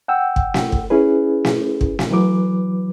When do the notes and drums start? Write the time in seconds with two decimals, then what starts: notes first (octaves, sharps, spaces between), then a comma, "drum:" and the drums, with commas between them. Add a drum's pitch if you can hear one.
0.08 F#5 G5 E6
0.36 drum: kick
0.54 drum: snare
0.72 drum: kick
0.90 C#4 E4 G#4 B4
1.45 drum: snare
1.81 drum: kick
1.99 drum: snare
2.11 E3 F#3 B4 D6